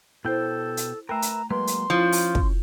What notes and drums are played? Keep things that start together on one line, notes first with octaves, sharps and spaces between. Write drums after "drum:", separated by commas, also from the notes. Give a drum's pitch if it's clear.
B2 E4 A4 C5 G5
drum: hi-hat
A3 A#4 B4 E5 G5 A#5
drum: hi-hat
F#3 G#3 A#3 B4 C6
drum: hi-hat
F3 C#4 E4 F4
drum: open hi-hat
drum: kick